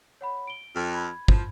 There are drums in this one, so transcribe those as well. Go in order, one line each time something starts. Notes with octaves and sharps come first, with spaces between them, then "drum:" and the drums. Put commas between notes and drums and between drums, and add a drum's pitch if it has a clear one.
C#5 F#5 B5
D7 G7
F2
B5 G#6
F3, drum: kick